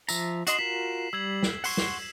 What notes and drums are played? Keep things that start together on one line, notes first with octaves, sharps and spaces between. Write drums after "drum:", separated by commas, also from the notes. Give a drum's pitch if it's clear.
F3 E5 A#5, drum: tambourine
F#4 D#5 C6 C7 E7 F#7, drum: hi-hat
F4 F#4 A#4 B6
G3 E6 G#6 F#7
drum: snare
F#5 C6 C#6, drum: open hi-hat
drum: snare